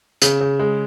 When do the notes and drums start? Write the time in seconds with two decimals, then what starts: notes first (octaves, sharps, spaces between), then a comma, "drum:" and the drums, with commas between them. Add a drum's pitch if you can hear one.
0.22 C#3, drum: hi-hat
0.40 C#3
0.59 G#3